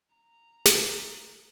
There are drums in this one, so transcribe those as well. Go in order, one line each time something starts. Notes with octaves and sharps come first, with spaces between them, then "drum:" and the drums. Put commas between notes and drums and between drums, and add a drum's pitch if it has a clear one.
A#5
drum: snare